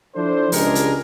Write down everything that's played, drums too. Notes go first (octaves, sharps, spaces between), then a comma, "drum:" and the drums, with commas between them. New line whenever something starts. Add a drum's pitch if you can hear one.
F3 D4 E4 A4 C5
C#2 G#3 D4 G4 G#4 A#4, drum: open hi-hat
drum: hi-hat